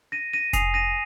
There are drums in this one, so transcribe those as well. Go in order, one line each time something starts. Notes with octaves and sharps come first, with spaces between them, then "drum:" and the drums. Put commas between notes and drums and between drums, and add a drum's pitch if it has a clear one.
A#6 D#7
A#6 D#7
G#5 D#6 C7 F7, drum: kick F1, hi-hat
A#6 D#7